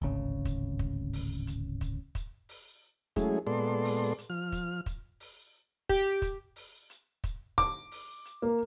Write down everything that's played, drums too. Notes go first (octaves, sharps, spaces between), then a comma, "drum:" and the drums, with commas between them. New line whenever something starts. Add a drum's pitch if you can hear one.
D1 G#1 C#3
drum: kick, hi-hat
drum: kick
drum: open hi-hat
drum: hi-hat
drum: kick, hi-hat
drum: kick, hi-hat
drum: open hi-hat
F#3 G#3 A3 C#4 E4 G#4, drum: kick, hi-hat
A#2 G#3 B3 A4 D5 C6
drum: open hi-hat
drum: hi-hat
F3 F6
drum: kick, hi-hat
drum: kick, hi-hat
drum: open hi-hat
G4, drum: kick, hi-hat
drum: kick, hi-hat
drum: open hi-hat
drum: hi-hat
drum: kick, hi-hat
D6, drum: kick, hi-hat
drum: open hi-hat
drum: hi-hat
A#3